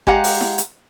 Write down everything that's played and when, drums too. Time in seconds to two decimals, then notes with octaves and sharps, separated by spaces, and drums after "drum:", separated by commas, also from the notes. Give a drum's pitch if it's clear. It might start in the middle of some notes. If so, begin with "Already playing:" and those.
0.07 G#3 G4 F5 F#5 A#5, drum: kick G#1
0.24 drum: open hi-hat
0.41 drum: snare E4
0.58 drum: hi-hat